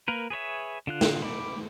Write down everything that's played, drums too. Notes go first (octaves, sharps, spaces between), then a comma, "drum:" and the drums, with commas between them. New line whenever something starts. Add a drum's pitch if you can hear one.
A#3 A#4 B4
G#4 B4 C#5 E5
D3 F4 F#6
drum: snare
B5 D6